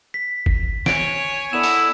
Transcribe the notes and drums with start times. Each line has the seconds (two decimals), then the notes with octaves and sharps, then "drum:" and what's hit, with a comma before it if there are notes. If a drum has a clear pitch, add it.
0.14 B6
0.46 drum: kick
0.86 C#5 G#5 D7, drum: snare
1.53 D3 B3 E4 E7
1.63 drum: open hi-hat